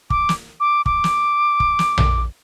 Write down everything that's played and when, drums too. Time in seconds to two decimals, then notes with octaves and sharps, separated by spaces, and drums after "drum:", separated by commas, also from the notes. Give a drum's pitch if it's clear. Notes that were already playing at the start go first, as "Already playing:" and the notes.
0.10 D6, drum: kick
0.29 drum: snare
0.60 D6
0.86 D6, drum: kick
1.04 drum: snare
1.60 drum: kick
1.79 drum: snare
1.98 drum: tom A#1